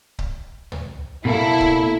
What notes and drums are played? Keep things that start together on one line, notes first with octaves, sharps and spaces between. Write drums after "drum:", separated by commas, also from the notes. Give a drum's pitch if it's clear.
drum: kick C#1
drum: tom
B2 A#3 E4 A4
drum: kick C#1